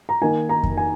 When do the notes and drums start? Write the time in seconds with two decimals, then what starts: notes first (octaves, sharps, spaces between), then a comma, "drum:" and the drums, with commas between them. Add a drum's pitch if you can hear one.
0.09 A#5
0.22 D#3 A#3 D#4 G#5
0.49 A#5
0.63 drum: kick F2
0.77 G#5